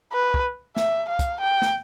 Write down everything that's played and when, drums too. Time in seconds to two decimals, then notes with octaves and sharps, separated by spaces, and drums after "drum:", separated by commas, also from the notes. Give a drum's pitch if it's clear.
0.13 B4
0.34 drum: kick
0.76 E5, drum: snare
1.09 F5
1.19 drum: kick, hi-hat
1.41 G5
1.62 drum: snare